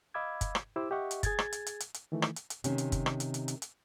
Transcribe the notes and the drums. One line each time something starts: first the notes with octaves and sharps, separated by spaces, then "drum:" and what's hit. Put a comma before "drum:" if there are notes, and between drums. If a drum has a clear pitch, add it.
D#5 F5 B5 D6 E6 G#6
drum: kick, hi-hat
drum: rim click
E4 G4 C5 D6 E6
G4 D#5 E5 F#5 C#6
drum: hi-hat
G#4 G#6 A6, drum: kick, hi-hat
drum: rim click
drum: hi-hat
drum: hi-hat
drum: hi-hat
drum: hi-hat
D#3 E3 A3
drum: rim click
drum: hi-hat
drum: hi-hat
C3 D#3 C#4, drum: hi-hat
drum: hi-hat
drum: kick, hi-hat
drum: rim click
drum: hi-hat
drum: hi-hat
drum: hi-hat
drum: hi-hat